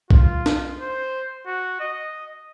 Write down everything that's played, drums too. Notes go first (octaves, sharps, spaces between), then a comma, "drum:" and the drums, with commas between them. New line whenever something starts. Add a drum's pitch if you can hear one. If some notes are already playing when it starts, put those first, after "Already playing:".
F4, drum: kick B1
drum: snare
C5
F#4
D#5